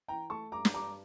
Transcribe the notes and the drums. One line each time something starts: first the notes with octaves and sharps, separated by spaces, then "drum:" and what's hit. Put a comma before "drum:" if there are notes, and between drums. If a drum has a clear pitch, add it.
E3 G5 A#5
A3 A5 C#6
G2 A#5 D6
drum: snare
G2 A#5 D6